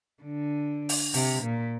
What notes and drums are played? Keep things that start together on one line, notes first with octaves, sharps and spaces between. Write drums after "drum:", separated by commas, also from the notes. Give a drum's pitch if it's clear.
D3
drum: open hi-hat
C3, drum: open hi-hat
A#2